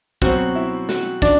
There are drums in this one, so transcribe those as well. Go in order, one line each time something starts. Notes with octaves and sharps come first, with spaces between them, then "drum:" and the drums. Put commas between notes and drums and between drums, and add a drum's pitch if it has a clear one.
B2 F#3 C4 F#4, drum: kick
E4
F#4, drum: snare
D4 D5, drum: kick